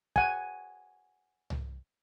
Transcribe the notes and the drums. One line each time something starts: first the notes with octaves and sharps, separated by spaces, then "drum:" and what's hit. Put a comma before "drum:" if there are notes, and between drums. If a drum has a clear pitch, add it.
F#5 G#5, drum: kick
drum: tom C2